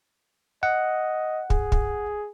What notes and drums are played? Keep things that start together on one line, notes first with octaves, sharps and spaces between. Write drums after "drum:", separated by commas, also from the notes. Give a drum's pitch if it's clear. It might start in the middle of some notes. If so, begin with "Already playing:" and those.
D#5 F#5
G#4, drum: kick
drum: kick